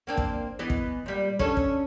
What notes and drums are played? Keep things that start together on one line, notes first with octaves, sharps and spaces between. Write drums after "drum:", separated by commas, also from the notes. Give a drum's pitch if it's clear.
A#3 C4 D4
drum: kick
E3 B3 D#5
drum: kick
A#2 G3
C#4 D4 A4, drum: kick
drum: kick